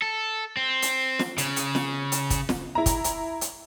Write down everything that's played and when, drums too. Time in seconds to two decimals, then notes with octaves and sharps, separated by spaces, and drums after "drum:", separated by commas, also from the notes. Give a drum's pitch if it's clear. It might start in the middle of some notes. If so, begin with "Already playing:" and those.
0.02 A4
0.57 C4
0.82 drum: hi-hat
1.19 drum: snare
1.38 C#3, drum: hi-hat
1.56 drum: hi-hat
1.75 drum: snare
2.12 drum: hi-hat
2.30 drum: kick, hi-hat
2.49 drum: snare
2.75 E4 A#5
2.86 drum: kick, hi-hat
3.04 drum: hi-hat
3.41 drum: hi-hat